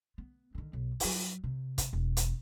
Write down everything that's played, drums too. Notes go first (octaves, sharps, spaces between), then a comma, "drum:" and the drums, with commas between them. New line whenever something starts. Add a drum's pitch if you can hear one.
B3
D3 D#3
B1
G2 F#3, drum: open hi-hat
C3
drum: kick, hi-hat
E1
drum: hi-hat